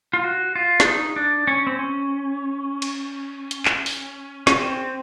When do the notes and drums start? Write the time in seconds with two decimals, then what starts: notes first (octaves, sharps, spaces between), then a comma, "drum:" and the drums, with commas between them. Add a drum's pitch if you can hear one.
0.13 F4
0.24 F#4
0.55 F4
0.80 D4, drum: snare
0.85 D#4
1.16 D4
1.47 C#4
1.67 C4
1.79 C#4
2.82 drum: cymbal
3.51 drum: hi-hat
3.65 drum: clap
3.86 drum: open hi-hat
4.47 C#4, drum: snare
4.56 C4